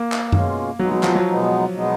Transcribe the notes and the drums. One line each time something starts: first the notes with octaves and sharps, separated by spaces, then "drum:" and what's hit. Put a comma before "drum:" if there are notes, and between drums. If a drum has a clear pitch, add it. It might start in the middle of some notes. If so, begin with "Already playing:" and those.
Already playing: A#3
drum: clap
B2 G#3 C#4 F4, drum: tom F#2
B2 F#3 G#3 B3 D#4
F#3
F3, drum: clap
F#3
B2 G#3 B3 D#4
B2 G#3 B3 D#4